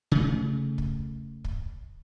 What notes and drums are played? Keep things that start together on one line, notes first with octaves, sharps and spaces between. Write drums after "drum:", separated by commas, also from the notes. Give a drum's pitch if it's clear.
C#3 A3, drum: kick
drum: kick
drum: kick